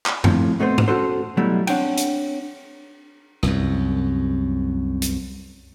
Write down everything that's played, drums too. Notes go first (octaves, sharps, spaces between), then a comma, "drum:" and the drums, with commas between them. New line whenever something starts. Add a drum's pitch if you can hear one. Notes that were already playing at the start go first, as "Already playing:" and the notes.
drum: clap
F2 A2 C3 F3, drum: tom F#2
B2 A3 B3 C4 C5
drum: tom G#2
C#4 F#4 A4 C5
B2 F#3 G3 A3 E4
C4 D4 C#5 F#5 G5, drum: cymbal
drum: hi-hat
C2 F#2, drum: rim click
drum: hi-hat